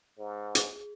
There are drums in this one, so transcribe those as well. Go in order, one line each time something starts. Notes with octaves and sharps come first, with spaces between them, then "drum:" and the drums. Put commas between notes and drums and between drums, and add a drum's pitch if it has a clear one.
G#2
G#4, drum: hi-hat